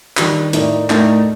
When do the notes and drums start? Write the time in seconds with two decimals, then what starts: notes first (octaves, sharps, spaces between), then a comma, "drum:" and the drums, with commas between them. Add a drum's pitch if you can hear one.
0.17 D#3 G3 D4, drum: clap
0.53 A2 A3 D#4 A#4 D5, drum: hi-hat
0.90 A2 A3 D#4 A#4 D5, drum: clap